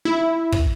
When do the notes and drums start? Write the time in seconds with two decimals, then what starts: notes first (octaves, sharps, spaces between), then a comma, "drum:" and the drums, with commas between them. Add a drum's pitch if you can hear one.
0.05 E4
0.52 drum: kick